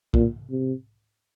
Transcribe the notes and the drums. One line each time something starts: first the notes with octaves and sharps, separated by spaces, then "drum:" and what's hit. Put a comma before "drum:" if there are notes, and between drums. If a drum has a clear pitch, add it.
A#2, drum: kick
C3